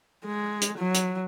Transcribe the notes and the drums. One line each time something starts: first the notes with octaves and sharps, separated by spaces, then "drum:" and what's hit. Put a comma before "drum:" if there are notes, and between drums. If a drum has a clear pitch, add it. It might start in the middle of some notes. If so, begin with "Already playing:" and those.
G#3
drum: hi-hat
F#3
drum: hi-hat